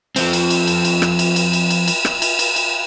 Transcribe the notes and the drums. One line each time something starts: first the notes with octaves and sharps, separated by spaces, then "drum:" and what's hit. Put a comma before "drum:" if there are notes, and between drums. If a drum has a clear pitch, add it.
F3 C4, drum: cymbal
drum: cymbal
drum: cymbal
drum: cymbal
drum: cymbal
drum: rim click
drum: cymbal
drum: cymbal
drum: cymbal
drum: cymbal
drum: cymbal
drum: rim click
drum: cymbal
drum: cymbal
drum: cymbal